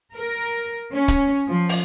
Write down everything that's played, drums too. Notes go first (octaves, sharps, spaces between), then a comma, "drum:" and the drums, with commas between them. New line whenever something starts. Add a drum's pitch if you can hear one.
A#4
C#4
drum: kick, hi-hat
F3
drum: open hi-hat